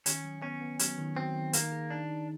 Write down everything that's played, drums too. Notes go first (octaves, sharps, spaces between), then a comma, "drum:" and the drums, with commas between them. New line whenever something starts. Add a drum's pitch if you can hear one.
D#3 C#4, drum: hi-hat
F#3
B3 C#4
B3
F#3 C#4, drum: hi-hat
D#3
F#3 C4
D#3
A#3 D#4, drum: hi-hat
G#4
D4 D#4
D#4